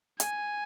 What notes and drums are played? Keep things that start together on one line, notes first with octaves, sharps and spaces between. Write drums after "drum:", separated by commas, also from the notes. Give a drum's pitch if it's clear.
G#5, drum: hi-hat